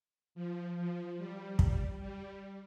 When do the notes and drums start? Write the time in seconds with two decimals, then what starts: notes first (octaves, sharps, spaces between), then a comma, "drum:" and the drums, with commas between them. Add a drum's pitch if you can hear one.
0.35 F3
0.77 F3
1.18 G3
1.59 drum: kick
2.00 G3